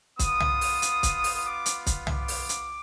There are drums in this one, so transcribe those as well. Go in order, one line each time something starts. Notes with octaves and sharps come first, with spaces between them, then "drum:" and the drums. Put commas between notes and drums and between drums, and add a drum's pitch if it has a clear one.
B3 F4 D#6, drum: kick, hi-hat
drum: tom
drum: open hi-hat
drum: hi-hat
drum: kick, hi-hat
drum: open hi-hat
D6
drum: hi-hat
drum: kick, hi-hat
D6, drum: tom
drum: open hi-hat
drum: hi-hat